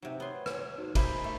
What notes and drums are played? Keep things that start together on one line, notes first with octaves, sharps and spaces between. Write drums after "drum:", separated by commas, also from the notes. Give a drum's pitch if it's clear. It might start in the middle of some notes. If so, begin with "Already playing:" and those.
C3 F#3 D#4
B3 C#5 C6
drum: rim click
D#4 F#4 C5
A#3 C5 D#5 E5 G#5 B5 G6, drum: kick, cymbal
A3